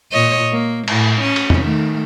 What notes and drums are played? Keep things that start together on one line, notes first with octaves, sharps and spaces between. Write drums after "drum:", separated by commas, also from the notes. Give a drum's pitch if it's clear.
A#2 C#5 D#5
A#3
A2, drum: cymbal
C#4
drum: cymbal
drum: tom E2
D#3 A3